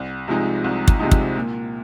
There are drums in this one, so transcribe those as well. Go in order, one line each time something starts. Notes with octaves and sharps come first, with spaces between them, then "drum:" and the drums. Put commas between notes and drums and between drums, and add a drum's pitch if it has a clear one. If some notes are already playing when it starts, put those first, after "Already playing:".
Already playing: C2
C3 F3 G#3 D#4
C2
drum: kick
C3 F3 G#3 D#4
drum: kick
A#2